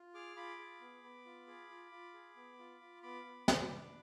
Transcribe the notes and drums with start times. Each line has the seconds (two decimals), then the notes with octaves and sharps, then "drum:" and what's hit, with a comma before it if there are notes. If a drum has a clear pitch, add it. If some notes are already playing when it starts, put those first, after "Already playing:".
Already playing: F4
0.15 G#4 D6 F6
0.36 F4 B5 D6
0.59 G#4
0.81 B3
1.03 B3
1.26 F4
1.47 G#4
1.70 F4
1.92 F4
2.14 G#4
2.36 B3
2.59 F4
2.81 F4
3.03 B3 B5 D6
3.25 B3
3.48 B3, drum: snare
3.70 D4